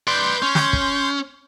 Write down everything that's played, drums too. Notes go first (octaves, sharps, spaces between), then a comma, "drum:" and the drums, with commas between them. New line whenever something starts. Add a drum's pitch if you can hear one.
B4 D5 C6 G6
C#4
drum: snare
drum: kick